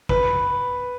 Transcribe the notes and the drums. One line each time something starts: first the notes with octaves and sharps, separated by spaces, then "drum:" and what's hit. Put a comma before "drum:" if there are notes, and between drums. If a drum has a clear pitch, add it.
B4, drum: kick